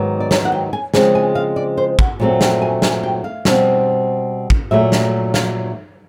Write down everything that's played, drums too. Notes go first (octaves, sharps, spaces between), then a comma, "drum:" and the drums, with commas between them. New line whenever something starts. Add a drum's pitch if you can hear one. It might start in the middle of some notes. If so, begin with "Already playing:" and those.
Already playing: G#2 D#3 F#3 B3
D5
C#5, drum: snare
F#5
G5
G#5
C#3 F3 G#3 C4 G#5, drum: snare
G#5
F5
D5
C5
F#5, drum: kick
A#2 F#3 A3 C4
G5, drum: snare
G#5
G#5, drum: snare
G5
F5
B2 G3 C4, drum: snare
drum: kick
A#2 F#3 A3 E5
drum: snare
F5, drum: snare